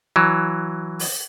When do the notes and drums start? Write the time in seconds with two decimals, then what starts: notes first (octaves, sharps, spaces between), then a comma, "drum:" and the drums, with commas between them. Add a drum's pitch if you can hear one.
0.16 E3 F#3
0.99 drum: open hi-hat